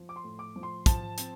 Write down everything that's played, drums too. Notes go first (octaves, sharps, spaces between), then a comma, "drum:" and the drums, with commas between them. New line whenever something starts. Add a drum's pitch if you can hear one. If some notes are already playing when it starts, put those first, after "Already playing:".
Already playing: F3
D6
C6
A2
D6
F3
C6
F3 A5, drum: kick, hi-hat
C4, drum: hi-hat